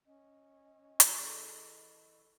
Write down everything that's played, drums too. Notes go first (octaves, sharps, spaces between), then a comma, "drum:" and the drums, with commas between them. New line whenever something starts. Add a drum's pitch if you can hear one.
C#4 D#5
E3 G#4, drum: hi-hat
A4 B5 C#6